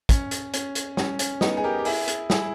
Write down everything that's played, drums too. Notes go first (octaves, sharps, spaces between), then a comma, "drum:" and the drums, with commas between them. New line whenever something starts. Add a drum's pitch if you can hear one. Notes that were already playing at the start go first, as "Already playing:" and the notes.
C#4, drum: kick, hi-hat
drum: hi-hat
C#4, drum: hi-hat
drum: hi-hat
C#4, drum: snare
C#4, drum: hi-hat
B3 D#4, drum: snare
G#4
G4 A#4
G4
E4 G#4, drum: open hi-hat
drum: hi-hat
E4 G#4, drum: snare